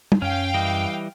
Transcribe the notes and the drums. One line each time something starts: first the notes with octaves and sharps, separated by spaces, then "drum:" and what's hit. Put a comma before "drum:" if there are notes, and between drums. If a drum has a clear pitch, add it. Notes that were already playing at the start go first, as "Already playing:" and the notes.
drum: tom
F#2 C#4 F5 G5
E3 G3 D#5